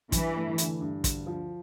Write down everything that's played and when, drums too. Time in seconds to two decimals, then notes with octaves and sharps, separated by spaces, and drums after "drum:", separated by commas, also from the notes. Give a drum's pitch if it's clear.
0.12 G2 E3, drum: kick, hi-hat
0.36 A3
0.58 D3, drum: hi-hat
0.81 G2
1.04 D2, drum: kick, hi-hat
1.27 F3